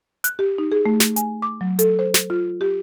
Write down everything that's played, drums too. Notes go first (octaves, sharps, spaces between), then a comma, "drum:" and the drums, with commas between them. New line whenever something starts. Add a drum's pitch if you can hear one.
F#6, drum: hi-hat
G4
D#4
G#4
A3
drum: snare
G#5, drum: hi-hat
D6
F#3
A4, drum: hi-hat
C5
drum: snare
F4
G4